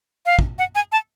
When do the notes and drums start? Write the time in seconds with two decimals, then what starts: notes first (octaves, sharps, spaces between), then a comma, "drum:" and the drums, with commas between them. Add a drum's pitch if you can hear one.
0.26 F5
0.39 drum: kick
0.59 F#5
0.75 G#5
0.92 A5